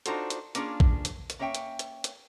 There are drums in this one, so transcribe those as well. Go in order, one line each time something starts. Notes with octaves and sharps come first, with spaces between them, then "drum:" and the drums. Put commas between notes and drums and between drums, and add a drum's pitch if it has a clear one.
D4 D#4 F4 F#4 A4 C5, drum: hi-hat
drum: hi-hat
A#3 C#4 D4 F4 G#4, drum: hi-hat
drum: kick A#1
drum: hi-hat
drum: hi-hat
A#3 C#4 C#5 E5 G5
drum: hi-hat
drum: hi-hat
drum: hi-hat